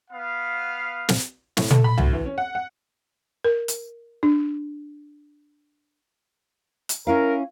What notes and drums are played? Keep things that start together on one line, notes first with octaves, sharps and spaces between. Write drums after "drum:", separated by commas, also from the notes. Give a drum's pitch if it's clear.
B3 F5
drum: snare
A2, drum: snare
A4, drum: tom
B5
D2, drum: tom C2
E3
C#4
F#5
F#5
A#4
drum: hi-hat
D4
drum: hi-hat
C#4 E4 A#4 F5